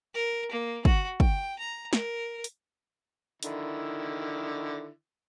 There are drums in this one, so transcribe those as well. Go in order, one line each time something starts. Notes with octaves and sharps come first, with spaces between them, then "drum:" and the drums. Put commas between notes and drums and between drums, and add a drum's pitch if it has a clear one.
A#4
A#3
F#4, drum: kick
G5, drum: kick
A#5
A#4, drum: snare
drum: hi-hat
D3 D#3 E4, drum: hi-hat